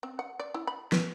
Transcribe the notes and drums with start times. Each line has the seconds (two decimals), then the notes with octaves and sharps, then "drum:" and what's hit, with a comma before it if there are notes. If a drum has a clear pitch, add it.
0.03 C4
0.19 F#5
0.39 D5
0.54 E4
0.67 B5
0.92 B4, drum: snare